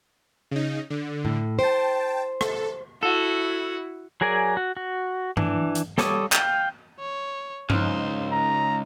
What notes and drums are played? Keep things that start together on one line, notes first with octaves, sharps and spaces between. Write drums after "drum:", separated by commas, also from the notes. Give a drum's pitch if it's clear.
C#3 D#4
D3
A2
C5 G5 A5
A4, drum: rim click
E4 F#4 A4
F#3 G#4 A#4 D5 G#5
F#4
F#4
E3 D4, drum: tom G2
drum: hi-hat
G3 A4 C#5 D6 D#6, drum: snare
F5 G5, drum: clap
C#5
C#2 D#4 C5, drum: tom G2
D#4 A#5